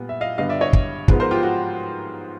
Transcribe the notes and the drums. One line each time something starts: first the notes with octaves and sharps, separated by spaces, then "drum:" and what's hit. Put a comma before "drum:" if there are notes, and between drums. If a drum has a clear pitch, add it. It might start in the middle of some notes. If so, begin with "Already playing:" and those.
Already playing: A#2 G3 B3
E5
D#5 F5
G2 D3 G3 B3 D#5 F5
D5 E5
C#5 D#5
drum: kick
G#2 F3 G#3 B3, drum: kick
A#4 C5
F4 G4
F#4